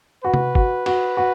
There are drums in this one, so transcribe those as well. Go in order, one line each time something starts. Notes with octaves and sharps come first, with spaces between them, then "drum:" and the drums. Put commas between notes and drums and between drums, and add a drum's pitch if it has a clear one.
F#4 B4
drum: tom C3
F#4, drum: kick
F#4, drum: cymbal
F#4